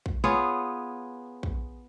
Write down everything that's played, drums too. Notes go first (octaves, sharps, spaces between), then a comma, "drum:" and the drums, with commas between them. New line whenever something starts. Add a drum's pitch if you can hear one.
drum: kick
B3 F4 G#4 C#5
drum: kick